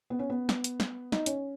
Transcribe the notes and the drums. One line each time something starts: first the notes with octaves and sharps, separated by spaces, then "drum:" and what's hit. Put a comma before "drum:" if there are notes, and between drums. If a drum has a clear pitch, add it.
B3
C#4
B3
drum: snare
drum: hi-hat
drum: snare
D#4, drum: snare
C#4, drum: hi-hat